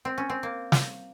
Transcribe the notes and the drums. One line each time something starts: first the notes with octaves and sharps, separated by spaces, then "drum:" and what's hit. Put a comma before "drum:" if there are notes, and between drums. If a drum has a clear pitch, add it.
C4
C#4
C4
A#3
drum: snare